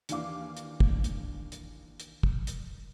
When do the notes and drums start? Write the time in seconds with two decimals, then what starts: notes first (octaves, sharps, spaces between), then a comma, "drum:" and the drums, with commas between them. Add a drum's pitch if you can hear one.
0.09 D#2 E3 D4 F5 D6, drum: hi-hat
0.57 drum: hi-hat
0.80 drum: kick
1.04 drum: hi-hat
1.52 drum: hi-hat
2.00 drum: hi-hat
2.23 drum: kick
2.47 drum: hi-hat